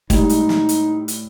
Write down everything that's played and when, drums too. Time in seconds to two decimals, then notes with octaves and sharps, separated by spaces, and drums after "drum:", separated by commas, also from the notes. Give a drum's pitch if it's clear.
0.10 A2 G3 G#3 D#4 G4, drum: kick, hi-hat
0.29 drum: hi-hat
0.49 drum: snare
0.69 drum: hi-hat
1.08 drum: hi-hat